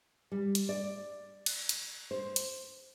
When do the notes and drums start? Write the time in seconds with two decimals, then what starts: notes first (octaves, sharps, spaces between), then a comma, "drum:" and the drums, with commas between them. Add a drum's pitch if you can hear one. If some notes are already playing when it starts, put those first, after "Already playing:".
0.32 G3
0.55 drum: hi-hat
0.69 D5
1.46 drum: cymbal
1.69 drum: hi-hat
2.11 C5
2.36 drum: hi-hat